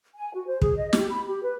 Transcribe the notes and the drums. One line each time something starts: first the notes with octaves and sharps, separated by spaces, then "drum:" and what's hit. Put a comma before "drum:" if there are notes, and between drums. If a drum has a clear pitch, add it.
G#5
F#4
C5
G#4, drum: kick
D#5
G4, drum: snare
B5
G4
B4